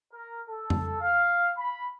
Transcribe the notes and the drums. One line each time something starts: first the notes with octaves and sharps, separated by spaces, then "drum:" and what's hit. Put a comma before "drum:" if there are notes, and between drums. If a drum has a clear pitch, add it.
A#4
A4
drum: tom F2
F5
B5